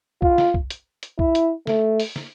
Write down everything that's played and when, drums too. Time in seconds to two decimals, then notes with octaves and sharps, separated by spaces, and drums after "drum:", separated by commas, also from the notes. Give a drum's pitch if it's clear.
0.22 F4, drum: kick
0.38 drum: snare
0.54 drum: kick
0.70 drum: hi-hat
1.03 drum: hi-hat
1.19 E4, drum: kick
1.35 drum: hi-hat
1.67 A3, drum: snare
2.00 drum: open hi-hat
2.16 drum: snare